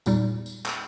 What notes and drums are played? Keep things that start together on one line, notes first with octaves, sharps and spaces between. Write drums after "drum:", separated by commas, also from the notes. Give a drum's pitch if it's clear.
E2 A#2 G3 D#4, drum: tambourine
drum: tambourine
drum: clap